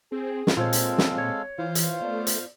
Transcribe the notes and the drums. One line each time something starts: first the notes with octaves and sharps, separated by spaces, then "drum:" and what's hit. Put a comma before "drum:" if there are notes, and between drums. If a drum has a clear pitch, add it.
C4 G#4
drum: snare
A#2 G#3 C4 F4 A4 C5 C#5 F5
drum: hi-hat
drum: snare
C#5
E3 F4 C5 F5
drum: hi-hat
A3 B3 D5
drum: hi-hat